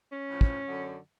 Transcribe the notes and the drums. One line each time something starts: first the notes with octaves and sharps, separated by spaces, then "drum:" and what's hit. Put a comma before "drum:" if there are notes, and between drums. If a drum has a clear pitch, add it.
C#4
A2 F3
drum: kick
F#2 D3 F#3